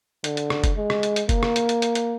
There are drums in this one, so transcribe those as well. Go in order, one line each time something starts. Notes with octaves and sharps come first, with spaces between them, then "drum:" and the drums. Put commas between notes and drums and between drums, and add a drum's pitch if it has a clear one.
D3, drum: hi-hat
drum: hi-hat
drum: rim click
drum: kick F#1, hi-hat
G#3
drum: rim click
drum: hi-hat
drum: hi-hat
A#3, drum: kick F#1, hi-hat
drum: rim click
drum: hi-hat
drum: hi-hat
drum: hi-hat
drum: hi-hat